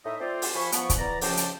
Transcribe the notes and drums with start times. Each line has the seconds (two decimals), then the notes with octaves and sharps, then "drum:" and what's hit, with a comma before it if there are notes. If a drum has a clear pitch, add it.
0.05 A2 A3 D#4 D#5 E5
0.20 A3 C4 F4 C5 D5
0.42 drum: open hi-hat
0.55 F2 F3 G#5 B5 C#6
0.72 F3 B3 C#6, drum: hi-hat
0.90 drum: kick, hi-hat
0.99 E2 E3 D5 A#5
1.21 F2 C#3 F3 D5 G5 A5, drum: open hi-hat
1.37 drum: hi-hat